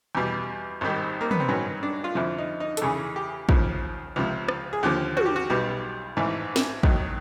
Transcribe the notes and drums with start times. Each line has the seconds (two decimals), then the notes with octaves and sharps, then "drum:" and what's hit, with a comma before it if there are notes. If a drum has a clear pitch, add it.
0.15 E2 B2 G3
0.81 G#1 G#2 D#3 G3
1.21 A#3
1.31 B3, drum: tom
1.40 C4
1.48 G2 D#3 F#3 C#4
1.83 D4
2.04 F4
2.15 F2 D3 F3 E4
2.38 D#4
2.60 D#4
2.77 A4, drum: hi-hat
2.82 E2 C#3 E3 G#4
3.16 G4
3.49 D#2 C#3 F3, drum: kick
4.16 C#2 C3 F3
4.48 drum: rim click
4.73 G#4
4.83 D#2 D3 F3 G4
5.17 F#4, drum: tom
5.26 G4
5.36 F#4
5.50 B1 B2 G3 G4
6.17 A1 G#2 E3
6.56 drum: snare
6.83 D#2 D#3 F#3, drum: kick